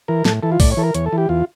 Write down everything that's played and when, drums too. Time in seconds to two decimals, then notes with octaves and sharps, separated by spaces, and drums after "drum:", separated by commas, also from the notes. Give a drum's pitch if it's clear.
0.08 E3 A#4
0.25 A2 A4, drum: snare
0.43 E3 A4
0.52 F4
0.60 A2 D5, drum: kick, open hi-hat
0.72 C#5
0.77 E3 A4
0.83 A#4
0.94 E2 C#5, drum: hi-hat
1.06 A4
1.13 E3
1.18 G4
1.29 E2 F4